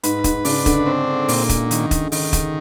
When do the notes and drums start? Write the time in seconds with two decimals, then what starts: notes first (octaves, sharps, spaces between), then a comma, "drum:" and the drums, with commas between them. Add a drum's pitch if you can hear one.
0.03 G#2 B4, drum: hi-hat
0.24 G#2, drum: kick, hi-hat
0.45 C#3 D4, drum: open hi-hat
0.66 D3, drum: kick, hi-hat
0.86 C4
1.28 A#2, drum: open hi-hat
1.49 drum: kick, hi-hat
1.71 D#3, drum: hi-hat
1.91 drum: kick, hi-hat
2.12 D#3, drum: open hi-hat
2.33 drum: kick, hi-hat